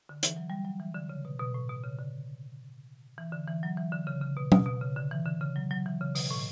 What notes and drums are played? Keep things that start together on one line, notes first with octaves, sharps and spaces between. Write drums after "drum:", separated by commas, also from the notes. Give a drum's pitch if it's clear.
D3
E3, drum: hi-hat
F#3
G3
F#3
E3
D3
C#3
B2
B2
A2
B2
C#3
D3
E3
D3
E3
F#3
E3
D3
C#3
C#3
B2
B2, drum: tom F#3
B2
C#3
D3
E3
D3
C#3
F#3
F#3
E3
C#3
B2, drum: open hi-hat
A2